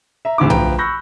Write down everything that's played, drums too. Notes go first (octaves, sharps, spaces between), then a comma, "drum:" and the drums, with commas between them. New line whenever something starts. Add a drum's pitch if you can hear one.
E5 A#5
D1 D2 E4 D6
D2 F3 B4 G5 A#5, drum: tom B1
B5 C#6 E6 F#6 G6 A#6